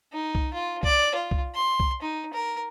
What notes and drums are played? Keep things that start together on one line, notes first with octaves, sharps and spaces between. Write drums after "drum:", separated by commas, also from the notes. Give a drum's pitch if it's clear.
D#4
drum: kick
F4
D5, drum: kick
F4
drum: kick
C6
drum: kick
D#4
A#4